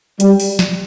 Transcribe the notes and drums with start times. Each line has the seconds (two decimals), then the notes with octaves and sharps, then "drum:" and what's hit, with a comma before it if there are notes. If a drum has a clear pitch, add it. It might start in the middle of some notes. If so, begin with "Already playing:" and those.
0.20 G3, drum: hi-hat
0.40 drum: open hi-hat
0.59 drum: snare